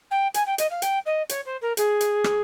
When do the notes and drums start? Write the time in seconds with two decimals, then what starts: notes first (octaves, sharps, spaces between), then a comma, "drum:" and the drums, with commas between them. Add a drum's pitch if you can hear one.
0.11 G5
0.34 G#5, drum: hi-hat
0.46 G5
0.58 D#5, drum: hi-hat
0.70 F5
0.82 G5, drum: hi-hat
1.06 D#5
1.29 C#5, drum: hi-hat
1.45 C5
1.61 A#4
1.77 G#4, drum: hi-hat
2.01 drum: hi-hat
2.24 drum: rim click